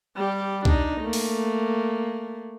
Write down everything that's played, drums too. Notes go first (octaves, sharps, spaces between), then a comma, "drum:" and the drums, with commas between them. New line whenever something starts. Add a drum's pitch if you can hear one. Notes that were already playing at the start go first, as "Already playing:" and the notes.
G3 G4
D4 D#4, drum: kick
A3 A#3
drum: open hi-hat